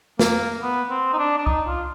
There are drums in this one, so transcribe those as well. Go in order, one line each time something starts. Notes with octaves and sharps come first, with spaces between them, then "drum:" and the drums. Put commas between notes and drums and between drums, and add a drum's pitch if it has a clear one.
A#3, drum: snare
B3
C4
D#4
D4
D4
D#4, drum: kick C2
F4